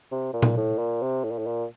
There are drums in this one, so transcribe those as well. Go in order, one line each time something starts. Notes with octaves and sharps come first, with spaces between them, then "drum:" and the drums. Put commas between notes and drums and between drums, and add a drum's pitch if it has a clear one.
C3
A#2
drum: tom A#2
A2
A#2
C3
A2
A#2
A2
A#2